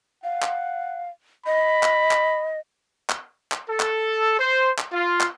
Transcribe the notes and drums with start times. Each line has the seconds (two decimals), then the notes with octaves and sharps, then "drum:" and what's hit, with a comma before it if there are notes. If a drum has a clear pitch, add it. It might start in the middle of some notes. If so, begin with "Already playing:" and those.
0.24 F5 F#5
0.42 drum: clap
1.46 D#5 B5
1.83 drum: clap
2.11 drum: clap
3.10 drum: clap
3.52 drum: clap
3.68 A4
3.80 drum: clap
4.39 C5
4.78 drum: clap
4.92 F4
5.21 drum: clap